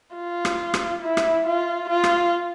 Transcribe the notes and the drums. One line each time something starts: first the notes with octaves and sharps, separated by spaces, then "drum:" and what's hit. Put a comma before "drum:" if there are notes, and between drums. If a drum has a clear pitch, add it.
F4
drum: rim click
drum: rim click
E4
drum: rim click
F4
F4
drum: rim click